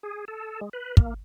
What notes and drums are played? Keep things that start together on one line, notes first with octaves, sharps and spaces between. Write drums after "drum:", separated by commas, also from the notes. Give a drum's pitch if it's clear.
G#4
A4
G#3
B4
A#3, drum: kick